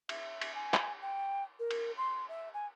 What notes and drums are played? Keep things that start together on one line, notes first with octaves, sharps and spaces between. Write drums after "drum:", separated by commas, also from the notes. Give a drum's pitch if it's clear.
E5, drum: cymbal
drum: cymbal
G#5
drum: clap
G5
A#4
drum: cymbal
C6
E5
G#5